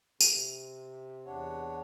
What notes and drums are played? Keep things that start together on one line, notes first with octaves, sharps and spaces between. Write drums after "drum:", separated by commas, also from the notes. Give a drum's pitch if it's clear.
C3, drum: tambourine
E2 D4 C#5 F#5